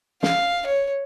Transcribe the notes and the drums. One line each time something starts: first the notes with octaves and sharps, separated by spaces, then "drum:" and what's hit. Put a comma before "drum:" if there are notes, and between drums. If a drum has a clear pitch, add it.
F5, drum: snare
C#5